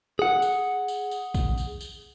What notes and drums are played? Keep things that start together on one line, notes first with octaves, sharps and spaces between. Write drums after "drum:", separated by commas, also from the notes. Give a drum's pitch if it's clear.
G#4 F#5
drum: tambourine
drum: tambourine
drum: tambourine
drum: kick A#1, tambourine
drum: tambourine
drum: tambourine